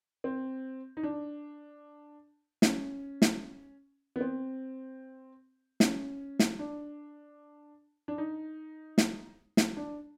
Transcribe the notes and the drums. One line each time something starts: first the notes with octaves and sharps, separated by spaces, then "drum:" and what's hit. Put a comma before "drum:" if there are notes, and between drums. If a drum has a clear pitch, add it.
C4
D#4
D4
C#4, drum: snare
drum: snare
B3
C4
C#4, drum: snare
drum: snare
D4
D4
D#4
drum: snare
drum: snare
D4